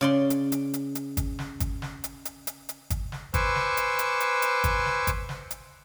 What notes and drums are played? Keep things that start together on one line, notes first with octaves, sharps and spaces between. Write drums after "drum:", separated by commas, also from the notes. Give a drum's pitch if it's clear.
C#3 D5 C6
drum: hi-hat
drum: hi-hat
drum: hi-hat
drum: hi-hat
drum: kick, hi-hat
drum: snare
drum: kick, hi-hat
drum: snare
drum: hi-hat
drum: hi-hat
drum: hi-hat
drum: hi-hat
drum: kick, hi-hat
drum: snare
B4 C5 G#5 C#6 D6 E6, drum: kick, hi-hat
drum: snare
drum: hi-hat
drum: hi-hat
drum: hi-hat
drum: hi-hat
drum: kick, hi-hat
drum: snare
drum: kick, hi-hat
drum: snare
drum: hi-hat